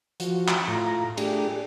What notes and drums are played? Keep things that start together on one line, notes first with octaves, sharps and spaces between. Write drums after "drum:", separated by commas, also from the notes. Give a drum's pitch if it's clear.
F3 F#4, drum: hi-hat
drum: clap
A2 F4 A#5
A3 D4 G4 G#4, drum: cymbal